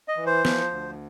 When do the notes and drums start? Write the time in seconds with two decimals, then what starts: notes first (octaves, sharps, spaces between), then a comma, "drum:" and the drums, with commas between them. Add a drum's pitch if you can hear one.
0.08 D#5
0.17 E3
0.26 C5
0.45 F3, drum: snare
0.71 D2